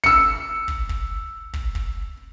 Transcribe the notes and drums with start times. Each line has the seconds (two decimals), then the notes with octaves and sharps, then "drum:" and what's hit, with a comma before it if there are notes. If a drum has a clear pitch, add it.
0.04 E6 C#7, drum: kick
0.68 drum: kick
0.89 drum: kick
1.53 drum: kick
1.75 drum: kick